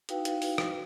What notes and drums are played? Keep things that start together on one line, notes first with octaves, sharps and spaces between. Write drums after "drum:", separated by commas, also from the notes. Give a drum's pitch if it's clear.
D#4 E4 F#4 B4 F5 G5, drum: hi-hat
drum: hi-hat
drum: open hi-hat
drum: rim click